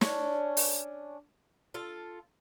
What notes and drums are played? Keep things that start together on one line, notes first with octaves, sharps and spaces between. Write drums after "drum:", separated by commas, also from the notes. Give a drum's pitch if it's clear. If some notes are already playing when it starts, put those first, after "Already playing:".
C#4 D4, drum: snare
drum: open hi-hat
F4 A4